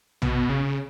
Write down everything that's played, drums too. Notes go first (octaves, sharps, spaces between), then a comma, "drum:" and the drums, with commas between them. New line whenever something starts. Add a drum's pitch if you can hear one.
B2, drum: tom A#1
C#3